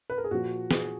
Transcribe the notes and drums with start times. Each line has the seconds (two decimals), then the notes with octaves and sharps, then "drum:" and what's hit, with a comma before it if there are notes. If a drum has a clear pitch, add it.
0.10 B4
0.18 A#4
0.24 G#4
0.31 A#2 F3 F#4
0.71 G#4, drum: snare